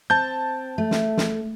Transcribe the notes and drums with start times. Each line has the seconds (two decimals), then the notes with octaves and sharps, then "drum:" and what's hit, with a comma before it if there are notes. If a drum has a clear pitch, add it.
0.10 C4 A5 G6
0.78 A3
0.91 drum: snare
1.17 drum: snare